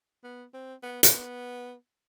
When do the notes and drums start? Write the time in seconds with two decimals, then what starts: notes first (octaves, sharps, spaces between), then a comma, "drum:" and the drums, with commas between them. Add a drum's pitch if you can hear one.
0.24 B3
0.54 C4
0.83 B3
1.03 C4, drum: hi-hat
1.13 B3